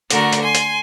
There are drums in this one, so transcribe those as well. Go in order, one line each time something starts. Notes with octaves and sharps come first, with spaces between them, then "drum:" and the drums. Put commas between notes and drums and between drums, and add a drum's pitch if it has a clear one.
D3 A3 F#4 A#4, drum: hi-hat
drum: hi-hat
G#5 C6
drum: hi-hat